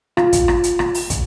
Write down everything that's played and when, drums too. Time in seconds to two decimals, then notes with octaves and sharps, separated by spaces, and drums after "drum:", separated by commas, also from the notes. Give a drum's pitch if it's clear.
0.17 F4, drum: rim click
0.33 drum: kick, hi-hat
0.48 drum: rim click
0.64 drum: hi-hat
0.79 drum: rim click
0.94 drum: open hi-hat
1.10 drum: kick, hi-hat